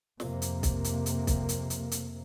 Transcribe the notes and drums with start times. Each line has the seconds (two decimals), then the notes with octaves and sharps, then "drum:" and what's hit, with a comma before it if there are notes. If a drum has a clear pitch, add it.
0.20 F2 C3 A#3, drum: snare
0.42 drum: hi-hat
0.63 drum: kick B1, hi-hat
0.84 drum: hi-hat
1.06 drum: hi-hat
1.27 drum: kick B1, hi-hat
1.49 drum: hi-hat
1.70 drum: hi-hat
1.92 drum: hi-hat